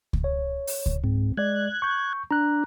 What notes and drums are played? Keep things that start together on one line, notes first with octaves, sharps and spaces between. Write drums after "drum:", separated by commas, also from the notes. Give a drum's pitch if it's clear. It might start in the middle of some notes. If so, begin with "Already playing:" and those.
drum: kick C#2
C#5
drum: open hi-hat
drum: kick C#2
G#2 C4
G#3 D5 F#6 G#6
C#6 G6
D4 A#5 F#6